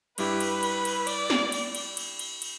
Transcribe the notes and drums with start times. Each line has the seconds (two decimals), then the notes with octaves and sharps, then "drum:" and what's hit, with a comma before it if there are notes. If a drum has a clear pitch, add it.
0.18 G2 G3 E4 G4 B4, drum: cymbal
0.40 drum: cymbal
0.63 drum: cymbal
0.85 drum: cymbal
1.07 D5, drum: cymbal
1.30 drum: snare
1.52 drum: cymbal
1.75 drum: cymbal
1.97 drum: cymbal
2.19 drum: cymbal
2.42 drum: cymbal